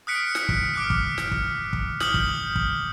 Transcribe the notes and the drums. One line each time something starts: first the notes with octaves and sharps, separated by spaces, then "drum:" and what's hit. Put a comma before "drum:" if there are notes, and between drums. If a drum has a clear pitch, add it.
D#6 F6 F#6 B6 C#7 D7
drum: snare
drum: kick
D6 F6 F#6 D7
drum: kick
drum: snare
drum: kick
drum: kick
D#6 F6 G6 F#7, drum: snare
drum: kick
drum: kick